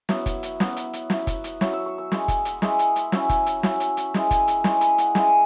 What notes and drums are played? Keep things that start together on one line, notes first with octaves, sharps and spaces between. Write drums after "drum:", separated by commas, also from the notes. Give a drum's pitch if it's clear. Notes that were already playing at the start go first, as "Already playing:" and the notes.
F#3 B3 E4, drum: snare
drum: kick F#1, hi-hat
drum: hi-hat
F#3 B3 E4, drum: snare
drum: hi-hat
drum: hi-hat
F#3 E4, drum: snare
drum: kick F#1, hi-hat
drum: hi-hat
F#3 E4 C#6, drum: snare
E6
C#6
E6
G#3 E4 C#6, drum: snare
drum: kick F#1, hi-hat
drum: hi-hat
G#3 E4 C#6, drum: snare
drum: hi-hat
drum: hi-hat
F#3 C#4 E4 E6, drum: snare
drum: kick F#1, hi-hat
drum: hi-hat
F#3 C#4 E4 C#6, drum: snare
drum: hi-hat
drum: hi-hat
G#3 E4, drum: snare
drum: kick F#1, hi-hat
drum: hi-hat
G#3 E4 C#6, drum: snare
B5, drum: hi-hat
F#5, drum: hi-hat
G#3 E4 G#5, drum: snare